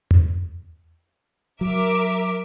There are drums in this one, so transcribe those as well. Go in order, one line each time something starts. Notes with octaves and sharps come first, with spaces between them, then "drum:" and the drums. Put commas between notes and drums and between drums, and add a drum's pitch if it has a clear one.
drum: tom E2
F#3 A#4 E5 D6